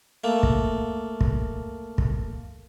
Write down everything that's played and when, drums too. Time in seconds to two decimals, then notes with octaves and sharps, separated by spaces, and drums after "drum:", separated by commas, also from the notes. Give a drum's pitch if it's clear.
0.24 A3 A#3
0.43 drum: kick
1.21 drum: kick
1.98 drum: kick